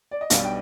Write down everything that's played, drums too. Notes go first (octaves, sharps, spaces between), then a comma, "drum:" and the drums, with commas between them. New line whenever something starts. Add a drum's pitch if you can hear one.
D5
D#5
B1 B2 G3 D4 F5, drum: hi-hat
G5